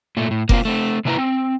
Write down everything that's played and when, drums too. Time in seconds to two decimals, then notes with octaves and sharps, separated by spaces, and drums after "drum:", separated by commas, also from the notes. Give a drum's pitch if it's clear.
0.17 A#2 A3
0.31 A2
0.49 A#3 C4 F4, drum: kick F1
0.65 A3 C4
1.05 C3 A#3 D4 E4 B4 A#5
1.18 C4